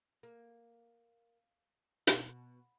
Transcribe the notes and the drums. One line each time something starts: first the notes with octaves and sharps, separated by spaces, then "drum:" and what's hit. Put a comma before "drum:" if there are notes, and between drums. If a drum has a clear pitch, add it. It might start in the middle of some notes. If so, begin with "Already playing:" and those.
A#3
B2, drum: hi-hat